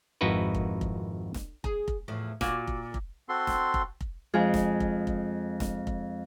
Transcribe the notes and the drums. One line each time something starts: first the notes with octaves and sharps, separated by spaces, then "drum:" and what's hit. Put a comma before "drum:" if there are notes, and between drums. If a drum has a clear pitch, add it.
G#1 F2 D#4 E4 F#4 B4
drum: kick F1
drum: kick F1
drum: snare E1
G#4, drum: kick F1
drum: kick F1
E2 A2 F3
A#2 F#4, drum: snare E1
drum: kick F1
drum: kick F1
C4 F#4 A4 C6
drum: snare E1
drum: kick F1
drum: kick F1
F2 G#3 F4 G#4
drum: snare E1
drum: kick F1
drum: kick F1
drum: snare E1
drum: kick F1